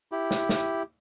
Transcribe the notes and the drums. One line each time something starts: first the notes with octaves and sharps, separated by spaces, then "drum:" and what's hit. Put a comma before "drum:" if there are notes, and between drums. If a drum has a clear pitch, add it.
E4 G4
drum: snare
drum: snare